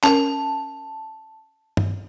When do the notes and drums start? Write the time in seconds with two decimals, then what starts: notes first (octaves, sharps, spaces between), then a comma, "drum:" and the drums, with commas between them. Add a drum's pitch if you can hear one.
0.04 C#4 A#4 A5, drum: clap
1.77 drum: tom G2